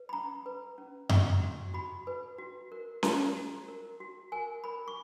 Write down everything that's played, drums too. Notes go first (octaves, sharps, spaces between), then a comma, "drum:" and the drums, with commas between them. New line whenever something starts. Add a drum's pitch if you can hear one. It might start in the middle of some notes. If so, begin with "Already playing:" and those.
Already playing: B4
B5
C#4 A#5
B4
C#4
F#4 C#6, drum: tom F#2
F#4
F#4 B5
B4
F#4
A#4
A#4 A#5, drum: snare C#4
F#4
A#4
F#4
A#4 G#5
A#4 B5
C#6